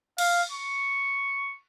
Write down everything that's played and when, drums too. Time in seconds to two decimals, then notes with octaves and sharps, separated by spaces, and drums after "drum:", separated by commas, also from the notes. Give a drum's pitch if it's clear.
0.18 F5, drum: cymbal
0.52 C#6